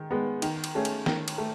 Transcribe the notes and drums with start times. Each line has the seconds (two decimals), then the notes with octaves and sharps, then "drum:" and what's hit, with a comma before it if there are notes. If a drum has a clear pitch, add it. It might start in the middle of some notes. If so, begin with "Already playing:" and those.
Already playing: D#3 G#3
0.11 G#3 B3
0.42 D#3, drum: cymbal
0.64 drum: cymbal
0.75 A3 C#4 G#4
0.85 drum: cymbal
1.06 D#3, drum: snare
1.28 drum: cymbal
1.38 A3